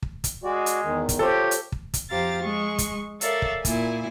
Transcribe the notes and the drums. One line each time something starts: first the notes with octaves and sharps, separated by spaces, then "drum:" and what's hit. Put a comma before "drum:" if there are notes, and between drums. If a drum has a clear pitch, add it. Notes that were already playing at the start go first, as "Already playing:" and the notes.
drum: kick
drum: kick, hi-hat
G#3 F#4 D5
drum: hi-hat
E2 D#3
drum: kick, hi-hat
F4 G4 A4 C5 C#5
drum: hi-hat
drum: kick
drum: kick, hi-hat
F2 G4 C5 F5 A#5 A6
G#3 C#6
drum: kick, hi-hat
A4 A#4 C#5 D5 E5 F5, drum: hi-hat
drum: kick
A#2 E4 G#5, drum: kick, hi-hat